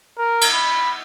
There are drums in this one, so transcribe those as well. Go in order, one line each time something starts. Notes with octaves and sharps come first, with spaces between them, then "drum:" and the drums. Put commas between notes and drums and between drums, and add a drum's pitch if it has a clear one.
A#4
drum: cymbal
B5